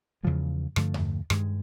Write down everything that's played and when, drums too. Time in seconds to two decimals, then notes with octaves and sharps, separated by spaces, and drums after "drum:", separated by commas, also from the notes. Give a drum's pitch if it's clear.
0.23 E2 C#3 F3 G#3
0.76 G2 D3 F3 A3, drum: rim click
0.94 drum: tom E2
1.30 G2 D#3 G#3, drum: rim click